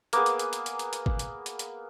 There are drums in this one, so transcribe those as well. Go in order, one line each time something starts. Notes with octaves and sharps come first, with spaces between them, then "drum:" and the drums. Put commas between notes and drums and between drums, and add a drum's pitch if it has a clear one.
A#3 B3 G#4, drum: hi-hat
drum: hi-hat
drum: hi-hat
drum: hi-hat
drum: hi-hat
drum: hi-hat
drum: hi-hat
drum: kick
drum: hi-hat
drum: hi-hat
drum: hi-hat